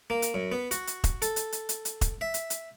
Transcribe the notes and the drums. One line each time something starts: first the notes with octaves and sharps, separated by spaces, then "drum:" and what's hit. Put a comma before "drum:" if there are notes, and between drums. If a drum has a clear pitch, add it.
A#3
drum: hi-hat
F#2
B3
F#4, drum: hi-hat
drum: hi-hat
drum: kick E1, hi-hat
A4, drum: hi-hat
drum: hi-hat
drum: hi-hat
drum: hi-hat
drum: hi-hat
drum: kick E1, hi-hat
E5
drum: hi-hat
drum: hi-hat